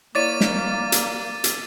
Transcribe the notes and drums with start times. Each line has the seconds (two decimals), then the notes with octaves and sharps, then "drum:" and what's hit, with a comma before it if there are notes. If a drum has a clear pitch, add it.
0.15 A#3 E4 C#5 D5 D6 A6 D#7
0.41 drum: snare
0.92 drum: hi-hat
1.44 drum: hi-hat